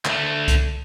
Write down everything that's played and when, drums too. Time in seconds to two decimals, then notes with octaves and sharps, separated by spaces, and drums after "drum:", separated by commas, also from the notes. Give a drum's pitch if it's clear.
0.05 D2 A3, drum: clap
0.48 drum: kick C2, hi-hat